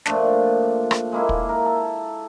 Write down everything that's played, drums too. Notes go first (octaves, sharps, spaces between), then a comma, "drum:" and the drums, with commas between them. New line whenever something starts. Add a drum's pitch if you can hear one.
A#2 F3 A3 D4, drum: snare
drum: rim click
G#3 A#3 E4
drum: kick
A#4
A4